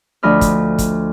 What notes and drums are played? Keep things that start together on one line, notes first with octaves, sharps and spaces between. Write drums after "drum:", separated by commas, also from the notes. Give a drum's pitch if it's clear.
D2 F3 D4 D#5 B5 F6
drum: kick, hi-hat
drum: kick, hi-hat